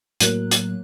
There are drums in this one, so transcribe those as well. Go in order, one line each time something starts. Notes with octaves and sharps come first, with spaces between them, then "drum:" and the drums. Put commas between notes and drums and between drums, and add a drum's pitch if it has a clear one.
A2 F#3 A#3 F#6, drum: hi-hat
drum: hi-hat